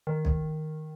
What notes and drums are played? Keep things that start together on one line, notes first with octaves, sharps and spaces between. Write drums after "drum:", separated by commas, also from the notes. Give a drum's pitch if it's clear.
D#3
drum: kick B1